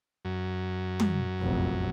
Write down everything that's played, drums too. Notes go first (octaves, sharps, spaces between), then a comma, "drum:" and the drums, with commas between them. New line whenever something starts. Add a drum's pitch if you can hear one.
F#2
drum: tom
F1 A#1